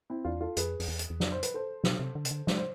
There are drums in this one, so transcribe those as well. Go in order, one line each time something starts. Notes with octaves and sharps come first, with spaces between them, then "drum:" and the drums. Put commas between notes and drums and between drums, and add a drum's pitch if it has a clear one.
C4 E4
E2 D4 F4
F4 A4
F2 G#4 B4, drum: hi-hat
F2, drum: open hi-hat
E2
drum: hi-hat
E2
F2 D5, drum: snare
C5
B4, drum: hi-hat
A4 C5
B2, drum: snare
C3
D3
C3, drum: hi-hat
D3
G#3 D5, drum: snare
C5